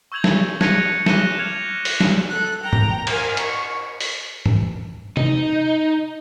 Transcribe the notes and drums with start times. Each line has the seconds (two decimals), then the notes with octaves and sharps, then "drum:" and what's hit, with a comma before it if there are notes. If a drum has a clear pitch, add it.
0.12 C#6 E6 G6 G#6 F7 F#7
0.24 drum: snare
0.61 F#6 G#6 A#6 C#7 D#7 F7, drum: snare
1.06 D6 F#6 A#6 D#7 E7 G7, drum: snare
1.39 F6 G#6 C#7 F7
1.85 drum: open hi-hat
2.00 drum: snare
2.29 A4 F#6
2.63 G5 A#5
2.73 drum: tom G#2
3.07 A#4 G#5, drum: cymbal
3.37 C#6, drum: hi-hat
4.01 drum: open hi-hat
4.46 drum: tom G#2
5.17 D#4, drum: tom C3